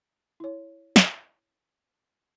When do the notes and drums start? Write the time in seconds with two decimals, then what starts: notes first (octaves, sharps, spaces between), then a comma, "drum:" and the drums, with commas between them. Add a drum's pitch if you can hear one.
0.40 E4 C#5
0.96 drum: snare